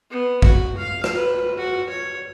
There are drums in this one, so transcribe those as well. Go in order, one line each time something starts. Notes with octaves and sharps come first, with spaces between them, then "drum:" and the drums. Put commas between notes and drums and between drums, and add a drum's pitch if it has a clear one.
B3
F#4, drum: kick
F5
drum: rim click
B4
F#4
C#5